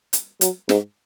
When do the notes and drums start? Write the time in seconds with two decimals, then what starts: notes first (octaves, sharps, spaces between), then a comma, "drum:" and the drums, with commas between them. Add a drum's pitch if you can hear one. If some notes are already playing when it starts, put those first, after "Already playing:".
0.13 drum: hi-hat
0.41 F#3, drum: hi-hat
0.69 G#2, drum: snare